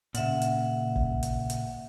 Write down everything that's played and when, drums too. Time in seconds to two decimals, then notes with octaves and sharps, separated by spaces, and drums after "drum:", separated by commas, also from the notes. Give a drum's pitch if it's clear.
0.15 A#2 C#3 E5 F#5, drum: hi-hat
0.42 drum: hi-hat
0.96 drum: kick
1.23 drum: hi-hat
1.50 drum: hi-hat